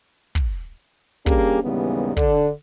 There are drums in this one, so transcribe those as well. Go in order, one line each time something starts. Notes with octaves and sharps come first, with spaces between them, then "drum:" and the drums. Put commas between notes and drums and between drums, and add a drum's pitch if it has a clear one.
drum: kick
G3 A#3 C#4 D4 G4 G#4, drum: kick
D#2 G#2 C#3 E3 G3 B3
D3 D4, drum: kick